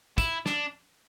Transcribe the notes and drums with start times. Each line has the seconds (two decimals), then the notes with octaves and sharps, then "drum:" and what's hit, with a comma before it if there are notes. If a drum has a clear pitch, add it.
0.18 E4, drum: kick, tambourine
0.46 D4, drum: snare